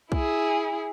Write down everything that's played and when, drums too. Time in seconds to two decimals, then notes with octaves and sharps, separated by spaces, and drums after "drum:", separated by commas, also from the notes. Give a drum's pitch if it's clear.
0.12 E4 G#4, drum: kick